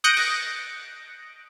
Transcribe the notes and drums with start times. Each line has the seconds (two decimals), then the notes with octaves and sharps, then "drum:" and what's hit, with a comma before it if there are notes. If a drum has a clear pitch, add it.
0.04 D#6 F#6 G6 A#6 C#7 D7
0.17 drum: cymbal